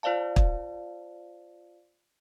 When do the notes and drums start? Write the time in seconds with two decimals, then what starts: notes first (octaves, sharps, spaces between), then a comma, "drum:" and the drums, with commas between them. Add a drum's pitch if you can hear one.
0.03 F4 C5 D5 F5 A5
0.36 drum: kick